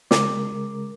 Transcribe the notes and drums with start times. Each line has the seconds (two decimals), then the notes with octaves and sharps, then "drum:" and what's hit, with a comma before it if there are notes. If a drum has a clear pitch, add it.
0.11 C#3 G#3 A#4 D6, drum: snare